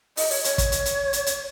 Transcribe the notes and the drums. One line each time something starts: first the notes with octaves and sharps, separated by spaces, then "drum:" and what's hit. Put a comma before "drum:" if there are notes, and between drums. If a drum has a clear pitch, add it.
D#5, drum: open hi-hat
C#5, drum: open hi-hat
C#5, drum: hi-hat
drum: kick, hi-hat
drum: hi-hat
drum: hi-hat
drum: hi-hat
drum: hi-hat